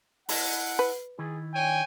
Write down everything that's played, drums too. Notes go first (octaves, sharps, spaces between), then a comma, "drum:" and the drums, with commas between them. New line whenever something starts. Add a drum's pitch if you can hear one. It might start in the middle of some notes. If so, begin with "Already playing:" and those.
E4 D#5 F#5 A5, drum: open hi-hat
B4
D#3 E4 G#4
D4 C#5 G5 G#5